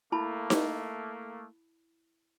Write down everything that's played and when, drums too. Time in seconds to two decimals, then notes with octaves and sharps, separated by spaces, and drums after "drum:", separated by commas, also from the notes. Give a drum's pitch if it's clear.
0.12 A3 A#3 E4 A5 B5
0.50 drum: snare D#4